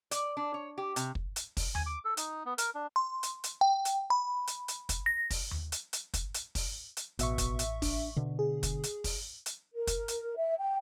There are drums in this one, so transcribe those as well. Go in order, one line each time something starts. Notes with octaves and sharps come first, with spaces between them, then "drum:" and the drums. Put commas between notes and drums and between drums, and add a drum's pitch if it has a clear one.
D5, drum: hi-hat
D4
C#5
G4
C3, drum: hi-hat
drum: kick
drum: hi-hat
drum: kick, open hi-hat
G#5, drum: tom D#2
D6
A4
D#4, drum: hi-hat
B3
A#4, drum: hi-hat
D4
C6
drum: hi-hat
drum: hi-hat
G5
drum: hi-hat
B5
drum: hi-hat
drum: hi-hat
drum: kick, hi-hat
A#6
drum: kick, open hi-hat
drum: tom D#2
drum: hi-hat
drum: hi-hat
drum: kick, hi-hat
drum: hi-hat
drum: kick, open hi-hat
drum: hi-hat
A1 B2 E5 C#6, drum: hi-hat
drum: kick, hi-hat
drum: hi-hat
D4, drum: kick, open hi-hat
B2 D3
G#4
drum: kick, hi-hat
drum: hi-hat
drum: kick, open hi-hat
drum: hi-hat
A#4
drum: kick, hi-hat
drum: hi-hat
E5
G5